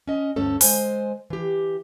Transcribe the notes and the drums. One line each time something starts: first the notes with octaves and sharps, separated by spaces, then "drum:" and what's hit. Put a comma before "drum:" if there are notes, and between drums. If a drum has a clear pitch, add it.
C#4 D#5
D2 G2 A3 C#4 A4
G#3 C5 G#5, drum: open hi-hat
E3 G4